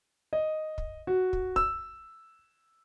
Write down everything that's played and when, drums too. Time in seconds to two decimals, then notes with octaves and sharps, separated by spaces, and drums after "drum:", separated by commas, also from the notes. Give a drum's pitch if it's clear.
0.33 D#5
0.78 drum: kick
1.07 F#4
1.33 drum: kick
1.56 E6, drum: kick